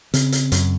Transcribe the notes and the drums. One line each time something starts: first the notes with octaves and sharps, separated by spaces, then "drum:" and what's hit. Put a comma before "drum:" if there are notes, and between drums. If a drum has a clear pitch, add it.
C#3 C4, drum: hi-hat
drum: hi-hat
F#2, drum: hi-hat